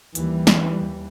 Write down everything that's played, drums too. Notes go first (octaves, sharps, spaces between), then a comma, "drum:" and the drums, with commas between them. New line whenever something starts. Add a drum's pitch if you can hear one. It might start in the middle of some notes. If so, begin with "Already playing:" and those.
D#2 E3 G3, drum: hi-hat
drum: snare
D#2